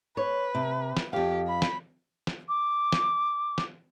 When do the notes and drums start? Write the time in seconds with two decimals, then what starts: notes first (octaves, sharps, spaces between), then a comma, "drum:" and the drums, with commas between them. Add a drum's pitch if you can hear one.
0.17 B4 C#5
0.55 C3
0.97 drum: snare
1.13 F2 G4 F5
1.47 B5
1.62 drum: snare
2.27 drum: snare
2.49 D6
2.92 drum: snare
3.58 drum: snare